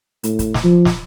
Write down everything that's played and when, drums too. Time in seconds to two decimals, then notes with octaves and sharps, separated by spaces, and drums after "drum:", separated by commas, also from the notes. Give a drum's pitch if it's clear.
0.23 A2, drum: hi-hat
0.39 drum: kick, hi-hat
0.54 drum: snare
0.64 F3
0.85 drum: snare